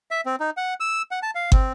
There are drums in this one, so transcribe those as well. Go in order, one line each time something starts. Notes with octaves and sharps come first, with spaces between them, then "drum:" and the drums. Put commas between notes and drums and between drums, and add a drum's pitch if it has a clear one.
E5
C4
D#4
F#5
E6
F#5
A5
F5
C4, drum: kick